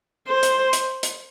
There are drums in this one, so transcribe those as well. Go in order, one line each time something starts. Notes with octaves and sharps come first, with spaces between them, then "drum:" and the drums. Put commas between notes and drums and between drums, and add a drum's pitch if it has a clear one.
C5
drum: hi-hat
drum: hi-hat
drum: hi-hat